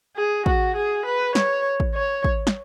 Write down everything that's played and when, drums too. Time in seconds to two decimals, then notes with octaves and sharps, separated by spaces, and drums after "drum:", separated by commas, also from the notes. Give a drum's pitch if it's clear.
0.16 G#4
0.46 F#4, drum: kick
0.76 G#4
1.06 B4
1.35 C#5, drum: snare
1.80 drum: kick
1.94 C#5
2.24 drum: kick
2.47 drum: snare